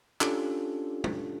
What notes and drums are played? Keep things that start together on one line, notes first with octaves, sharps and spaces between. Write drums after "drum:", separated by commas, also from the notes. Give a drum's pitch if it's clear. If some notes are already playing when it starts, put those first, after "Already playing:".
C#4 D4 F4 G4 A4, drum: clap
drum: tom